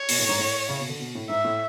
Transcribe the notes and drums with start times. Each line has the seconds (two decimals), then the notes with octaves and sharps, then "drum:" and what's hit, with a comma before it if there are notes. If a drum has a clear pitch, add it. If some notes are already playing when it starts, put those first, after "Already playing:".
Already playing: C#5
0.09 B2, drum: open hi-hat
0.19 A2
0.29 G#2
0.39 A2
0.69 C#3
0.79 B2
0.89 D3
1.00 B2
1.15 A2
1.29 G#2 E5
1.44 A2